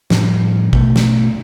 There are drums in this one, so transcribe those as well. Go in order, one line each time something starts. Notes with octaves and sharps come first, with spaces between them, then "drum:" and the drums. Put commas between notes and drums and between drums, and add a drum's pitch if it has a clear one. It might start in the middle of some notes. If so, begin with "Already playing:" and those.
A2 F3 G3 D4, drum: snare
G2 B2 A3, drum: kick
drum: snare